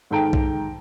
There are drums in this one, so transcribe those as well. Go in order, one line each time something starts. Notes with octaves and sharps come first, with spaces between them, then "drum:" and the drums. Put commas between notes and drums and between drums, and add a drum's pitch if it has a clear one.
G#2 D#3 A4 G5 A#5 D7
drum: kick